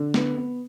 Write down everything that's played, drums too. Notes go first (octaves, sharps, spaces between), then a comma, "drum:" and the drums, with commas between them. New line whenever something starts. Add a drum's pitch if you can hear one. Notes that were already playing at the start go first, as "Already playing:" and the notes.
Already playing: D3
B3, drum: snare
B3